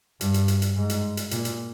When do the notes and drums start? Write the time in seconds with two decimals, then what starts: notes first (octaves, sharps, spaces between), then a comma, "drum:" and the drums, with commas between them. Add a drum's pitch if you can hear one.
0.21 G2, drum: hi-hat
0.34 drum: hi-hat
0.48 drum: hi-hat
0.62 drum: hi-hat
0.76 G#2
0.90 drum: hi-hat
1.17 drum: hi-hat
1.31 A#2, drum: hi-hat
1.45 drum: hi-hat